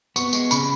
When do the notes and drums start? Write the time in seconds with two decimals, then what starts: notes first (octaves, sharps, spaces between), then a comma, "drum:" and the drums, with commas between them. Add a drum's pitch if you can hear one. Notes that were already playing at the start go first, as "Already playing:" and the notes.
0.16 B3 C#6, drum: tambourine
0.33 G#3, drum: tambourine
0.51 C#3 B5, drum: tambourine